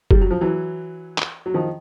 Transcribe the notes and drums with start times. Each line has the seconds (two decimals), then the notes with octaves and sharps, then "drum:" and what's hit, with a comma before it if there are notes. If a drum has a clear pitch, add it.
0.11 G3, drum: kick F#1
0.21 F#3
0.30 F3
0.41 E3 F#3
1.18 drum: clap
1.46 F#3
1.54 D#3 F3